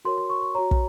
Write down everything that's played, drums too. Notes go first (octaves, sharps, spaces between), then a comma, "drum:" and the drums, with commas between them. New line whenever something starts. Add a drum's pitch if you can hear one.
F#4 A#4 C#5 C6
C6
C#6
C#6
F#4 C#5 A#5
drum: kick